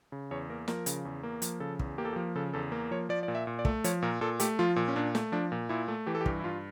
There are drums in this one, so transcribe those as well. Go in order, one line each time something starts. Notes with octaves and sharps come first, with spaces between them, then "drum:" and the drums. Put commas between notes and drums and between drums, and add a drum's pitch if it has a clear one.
C#3
E2 C#5
A#3 A#4
F3 A#4, drum: snare
C#3, drum: hi-hat
E2
A#3
F3, drum: hi-hat
C#3 A4
E2, drum: kick
A#3 G4
A4
G4
F3
C#3 A4
E2 A4
A#3
F3 C#5
F3 D5
D5
A#2
E5
A#2
D5
A3, drum: kick
F3 C#5, drum: hi-hat
A#2 A#4
A#2 A4
A3 G4, drum: hi-hat
F3 F4
A#2
C#4
A#2 D4
A3, drum: snare
F3 D4
A#2
A#2 E4
A3
E3 G4
A4
G4
G2, drum: kick
E4
G2 F4